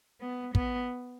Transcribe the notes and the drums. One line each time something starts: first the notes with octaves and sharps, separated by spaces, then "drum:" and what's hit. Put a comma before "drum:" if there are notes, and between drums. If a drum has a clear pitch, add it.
B3
B3, drum: kick